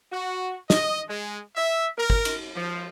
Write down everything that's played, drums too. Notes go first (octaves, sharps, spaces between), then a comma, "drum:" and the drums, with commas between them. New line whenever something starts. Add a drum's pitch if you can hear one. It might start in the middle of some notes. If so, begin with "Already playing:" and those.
F#4
D#5, drum: snare
G#3
E5
A#4
drum: kick
drum: cymbal
F3